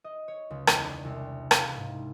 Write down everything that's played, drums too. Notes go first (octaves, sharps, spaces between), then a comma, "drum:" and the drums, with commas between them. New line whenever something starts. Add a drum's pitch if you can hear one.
D#5
C#5
C#2
E2, drum: rim click
D4
C2
F5, drum: rim click
G#2